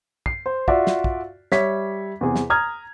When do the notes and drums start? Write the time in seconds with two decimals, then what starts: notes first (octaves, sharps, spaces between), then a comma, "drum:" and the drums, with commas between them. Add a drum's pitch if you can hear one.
0.26 C7, drum: kick
0.46 C5
0.68 F4 F#4 D5 E5, drum: kick
0.87 drum: snare
1.04 drum: kick
1.52 G3 C#5 E5 B6, drum: snare
2.21 E2 C3 G#4
2.36 drum: snare
2.50 A#5 D#6 F6 G#6